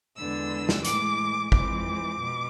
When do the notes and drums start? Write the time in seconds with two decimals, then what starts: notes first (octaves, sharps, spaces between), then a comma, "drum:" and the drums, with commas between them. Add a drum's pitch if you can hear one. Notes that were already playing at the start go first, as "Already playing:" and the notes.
0.18 E2 D3 G#3 B3 E6
0.69 drum: snare
0.85 A2 E3 G#3 D6, drum: hi-hat
1.52 F2 E3 G#3 C4 D6, drum: kick
2.20 B2